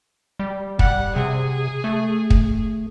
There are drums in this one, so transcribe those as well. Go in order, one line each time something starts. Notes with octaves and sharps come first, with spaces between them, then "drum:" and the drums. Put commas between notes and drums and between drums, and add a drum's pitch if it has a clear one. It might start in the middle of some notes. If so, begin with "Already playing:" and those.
G3
G3 F#5, drum: kick
C3 G#4
A3
drum: kick